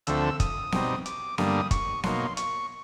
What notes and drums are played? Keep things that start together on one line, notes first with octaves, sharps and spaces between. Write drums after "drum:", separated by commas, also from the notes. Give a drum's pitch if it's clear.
D2 D3 F3 A3 C4 E6, drum: hi-hat
D#6, drum: kick, hi-hat
B2 G3 C4 D#4, drum: snare B3
D6, drum: hi-hat
G2 D3 G3 A#3 D#6, drum: snare B3
C#6, drum: kick, hi-hat
B2 F#3 A#3 D#4 C6, drum: snare B3
C#6, drum: hi-hat